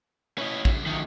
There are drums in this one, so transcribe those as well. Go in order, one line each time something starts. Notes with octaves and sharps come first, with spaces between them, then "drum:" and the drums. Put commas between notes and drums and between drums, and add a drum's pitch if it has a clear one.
C#4 E4 B4 D#5
F#2 D3, drum: kick
D#3 F3 F#3 A3